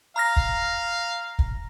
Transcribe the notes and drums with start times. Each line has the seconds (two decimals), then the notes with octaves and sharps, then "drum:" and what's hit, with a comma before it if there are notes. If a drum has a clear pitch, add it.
0.16 F5 A#5 F6 A#6
0.36 drum: kick
1.39 drum: kick